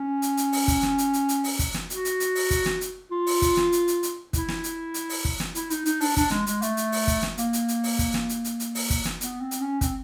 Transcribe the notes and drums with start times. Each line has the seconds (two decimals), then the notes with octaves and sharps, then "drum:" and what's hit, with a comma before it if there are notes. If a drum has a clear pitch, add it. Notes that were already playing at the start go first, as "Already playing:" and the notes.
Already playing: C#4
0.22 drum: hi-hat
0.37 drum: hi-hat
0.52 drum: open hi-hat
0.68 drum: kick, hi-hat
0.83 drum: snare
0.98 drum: hi-hat
1.13 drum: hi-hat
1.29 drum: hi-hat
1.44 drum: open hi-hat
1.59 drum: kick, hi-hat
1.74 drum: snare
1.90 F#4, drum: hi-hat
2.05 drum: hi-hat
2.20 drum: hi-hat
2.35 drum: open hi-hat
2.50 drum: kick, hi-hat
2.66 drum: snare
2.81 drum: hi-hat
3.11 F4
3.27 drum: open hi-hat
3.42 drum: kick, hi-hat
3.57 drum: snare
3.72 drum: hi-hat
3.88 drum: hi-hat
4.03 drum: hi-hat
4.33 E4, drum: kick, hi-hat
4.48 drum: snare
4.64 drum: hi-hat
4.94 drum: hi-hat
5.09 drum: open hi-hat
5.25 drum: kick
5.40 drum: snare
5.55 E4, drum: hi-hat
5.70 D#4, drum: hi-hat
5.85 D#4, drum: hi-hat
6.01 D4, drum: open hi-hat
6.17 D4, drum: kick, hi-hat
6.31 G#3, drum: snare
6.47 G#3, drum: hi-hat
6.62 A3, drum: hi-hat
6.77 drum: hi-hat
6.92 drum: open hi-hat
7.07 drum: kick, hi-hat
7.23 drum: snare
7.38 A#3, drum: hi-hat
7.53 drum: hi-hat
7.68 drum: hi-hat
7.84 drum: open hi-hat
7.99 drum: kick, hi-hat
8.14 drum: snare
8.29 drum: hi-hat
8.44 drum: hi-hat
8.60 drum: hi-hat
8.75 drum: open hi-hat
8.90 drum: kick, hi-hat
9.05 drum: snare
9.21 B3, drum: hi-hat
9.41 C4
9.51 drum: hi-hat
9.61 C#4
9.81 C4, drum: kick, hi-hat